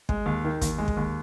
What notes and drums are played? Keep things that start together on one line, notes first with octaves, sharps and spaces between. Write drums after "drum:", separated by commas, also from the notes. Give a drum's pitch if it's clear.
G#3, drum: kick
D#2
D#3
D#2, drum: kick, hi-hat
G#3
drum: kick
D#2